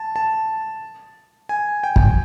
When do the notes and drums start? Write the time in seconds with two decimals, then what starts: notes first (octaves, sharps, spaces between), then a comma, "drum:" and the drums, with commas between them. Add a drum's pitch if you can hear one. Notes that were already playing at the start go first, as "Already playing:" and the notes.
Already playing: A5
0.16 A5
1.49 G#5
1.84 G5
1.96 drum: kick